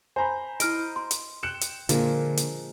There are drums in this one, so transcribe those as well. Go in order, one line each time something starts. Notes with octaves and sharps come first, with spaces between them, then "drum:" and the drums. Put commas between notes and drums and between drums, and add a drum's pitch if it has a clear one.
C5 G#5 A#5 B5
E4 D#5 F6 D7, drum: hi-hat
C6
drum: hi-hat
G5 F#6 C#7 E7
drum: hi-hat
A#2 D3 F3 G#3 A#3, drum: hi-hat
drum: hi-hat